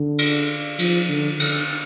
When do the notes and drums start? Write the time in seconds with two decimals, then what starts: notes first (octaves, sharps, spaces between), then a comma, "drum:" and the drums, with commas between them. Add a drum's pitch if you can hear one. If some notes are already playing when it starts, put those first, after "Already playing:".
Already playing: D3
0.19 drum: cymbal
0.79 F3, drum: cymbal
1.09 D3
1.40 D3, drum: cymbal